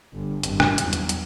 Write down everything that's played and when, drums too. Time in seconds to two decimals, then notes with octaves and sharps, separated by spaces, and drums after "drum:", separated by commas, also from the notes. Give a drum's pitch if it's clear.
0.14 G1
0.43 G#1 G2, drum: hi-hat
0.60 drum: rim click
0.78 E2 F#3, drum: hi-hat
0.93 drum: hi-hat
1.09 drum: hi-hat